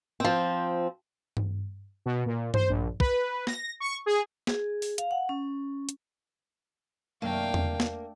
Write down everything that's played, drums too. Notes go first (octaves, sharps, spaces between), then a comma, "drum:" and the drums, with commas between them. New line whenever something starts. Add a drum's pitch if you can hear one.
F3 C4
drum: tom G2
B2
A#2
C5, drum: tom G2
A#1
B4, drum: kick
A#6, drum: snare
C#6
G#4
G#4, drum: snare
drum: open hi-hat
F5, drum: hi-hat
F#5
C#4
drum: hi-hat
F#2 C3 D#3 A3 A#3 D4 F5 G5
drum: tom E2
drum: snare